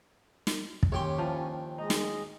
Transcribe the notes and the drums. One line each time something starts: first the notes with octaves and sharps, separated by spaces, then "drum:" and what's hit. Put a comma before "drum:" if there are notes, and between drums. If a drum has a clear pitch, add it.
drum: snare
drum: kick
D#2 C#4 G4 C#5 C6
F3 D4 E4
G#3 D#4 D#5
drum: snare